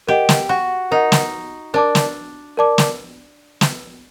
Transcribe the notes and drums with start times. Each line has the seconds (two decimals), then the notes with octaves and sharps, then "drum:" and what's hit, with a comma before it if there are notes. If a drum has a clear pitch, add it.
0.07 G4 A#4 D#5 F#5
0.29 drum: snare
0.49 F#4
0.91 D#4 A#4 D#5 F#5
1.12 drum: snare
1.74 D4 A#4 D5 A5 D6
1.95 drum: snare
2.57 A#4 D5 A5 D6
2.78 drum: snare
3.61 drum: snare